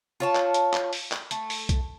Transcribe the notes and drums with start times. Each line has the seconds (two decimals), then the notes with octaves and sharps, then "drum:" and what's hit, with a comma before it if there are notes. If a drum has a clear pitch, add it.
0.20 F4 C#5 A5
0.35 drum: clap
0.54 drum: hi-hat
0.74 drum: clap
0.93 drum: open hi-hat
1.12 drum: clap
1.31 A3, drum: hi-hat
1.50 drum: open hi-hat
1.69 drum: kick B1, hi-hat